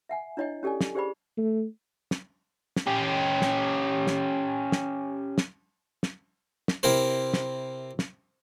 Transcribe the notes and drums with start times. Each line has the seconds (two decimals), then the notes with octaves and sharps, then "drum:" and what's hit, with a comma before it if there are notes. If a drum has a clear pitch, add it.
0.09 E5 F#5 G#5
0.37 D4 E4 C#5 D#5 G5
0.63 C#4 G4 A4 D5 G#5
0.81 drum: snare
0.95 G4 G#4 C5 D5 G5 B5
1.38 A3
2.11 drum: snare
2.76 drum: snare
2.87 C#4 G4
3.42 drum: snare
4.07 drum: snare
4.72 drum: snare
5.38 drum: snare
6.03 drum: snare
6.68 drum: snare
6.83 C3 C4 E4 A#4 C5
7.34 drum: snare
7.99 drum: snare